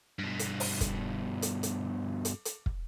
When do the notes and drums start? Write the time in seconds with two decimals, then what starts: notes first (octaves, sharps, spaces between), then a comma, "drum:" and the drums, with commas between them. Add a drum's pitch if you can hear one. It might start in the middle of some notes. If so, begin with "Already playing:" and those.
0.19 G2 B2
0.39 drum: hi-hat
0.60 drum: open hi-hat
0.81 drum: kick, hi-hat
1.42 drum: hi-hat
1.63 drum: hi-hat
2.25 drum: hi-hat
2.45 drum: hi-hat
2.66 drum: kick